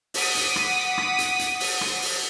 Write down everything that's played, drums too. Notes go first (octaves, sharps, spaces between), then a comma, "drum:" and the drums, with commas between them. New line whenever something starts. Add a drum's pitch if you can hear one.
F#5 D6 D#6 B6, drum: open hi-hat
drum: hi-hat
drum: rim click
drum: rim click
drum: hi-hat
drum: hi-hat
drum: open hi-hat
drum: rim click
drum: open hi-hat